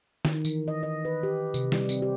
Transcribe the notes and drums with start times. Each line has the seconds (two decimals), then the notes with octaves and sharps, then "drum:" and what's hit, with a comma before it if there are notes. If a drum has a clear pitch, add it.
0.25 D#3, drum: snare
0.45 E3, drum: tambourine
0.68 D#5
0.83 D#5
1.05 B4
1.23 G4
1.54 C3, drum: tambourine
1.72 G3, drum: snare
1.89 C4, drum: tambourine
2.02 G4